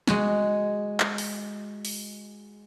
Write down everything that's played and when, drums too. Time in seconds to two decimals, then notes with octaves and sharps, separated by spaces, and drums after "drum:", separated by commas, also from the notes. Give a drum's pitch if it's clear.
0.08 G#3 F#4, drum: snare
1.00 drum: clap
1.18 drum: open hi-hat
1.85 drum: open hi-hat